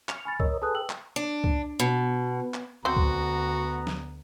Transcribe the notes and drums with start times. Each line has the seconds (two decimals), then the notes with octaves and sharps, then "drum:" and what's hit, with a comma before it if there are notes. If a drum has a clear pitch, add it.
0.09 C#6 F6, drum: clap
0.25 G#5 B5 A6
0.40 A#4 C#5 D#5 E6, drum: kick
0.62 G#4 A4 B4 A5 D#6 F#6
0.75 G5 E6 F#7
0.90 drum: clap
1.16 D4
1.44 drum: kick
1.79 B2
2.54 drum: clap
2.85 D2 B3 C4 F#4 C5 A#5
2.96 drum: kick
3.87 drum: snare